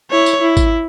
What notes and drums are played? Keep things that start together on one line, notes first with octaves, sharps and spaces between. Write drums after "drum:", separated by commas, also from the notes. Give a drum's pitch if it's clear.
E4 C#5
drum: tambourine
E4
drum: kick G#1, tambourine